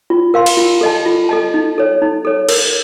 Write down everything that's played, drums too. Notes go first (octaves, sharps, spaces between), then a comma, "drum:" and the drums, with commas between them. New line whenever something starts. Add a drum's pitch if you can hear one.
F4
A#4 F5 C6
drum: cymbal
F4
A4 D#5 A5
F4
A4 D#5 A5
D#4
A4 C#5
D#4
A4 C#5
A#4, drum: cymbal